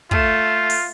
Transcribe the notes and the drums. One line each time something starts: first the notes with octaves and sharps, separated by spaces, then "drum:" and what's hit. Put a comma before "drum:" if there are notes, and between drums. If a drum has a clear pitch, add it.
A3 F4, drum: kick
drum: open hi-hat